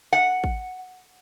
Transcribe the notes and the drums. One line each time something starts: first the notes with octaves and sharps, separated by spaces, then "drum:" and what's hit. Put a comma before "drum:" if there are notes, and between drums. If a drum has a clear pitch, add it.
F#5
drum: kick